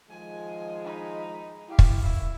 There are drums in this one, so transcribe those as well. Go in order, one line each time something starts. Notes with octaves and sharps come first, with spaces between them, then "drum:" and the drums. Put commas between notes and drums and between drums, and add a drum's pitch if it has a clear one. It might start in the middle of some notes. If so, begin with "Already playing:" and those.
D#3 F3 G#3 G#5
D#4 B5
E4 G4 F5
drum: kick
F#2 E4 F#4